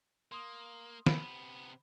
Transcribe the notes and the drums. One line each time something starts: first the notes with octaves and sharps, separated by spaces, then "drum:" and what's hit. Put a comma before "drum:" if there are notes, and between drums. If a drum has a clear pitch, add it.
A#3 C6 D#6
C3 B3 B5, drum: snare